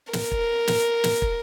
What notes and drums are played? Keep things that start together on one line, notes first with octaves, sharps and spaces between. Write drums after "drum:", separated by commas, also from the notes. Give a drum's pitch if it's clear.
A#4, drum: snare
drum: kick
drum: snare
drum: snare
drum: kick